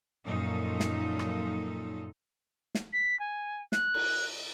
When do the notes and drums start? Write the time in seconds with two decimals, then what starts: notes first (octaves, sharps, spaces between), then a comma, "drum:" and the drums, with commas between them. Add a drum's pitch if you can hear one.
0.23 F#2 A#2 F3 D#4 A4
0.80 drum: snare
1.19 drum: rim click
2.75 drum: snare
2.93 B6
3.19 G#5
3.72 F#6, drum: snare
3.94 drum: cymbal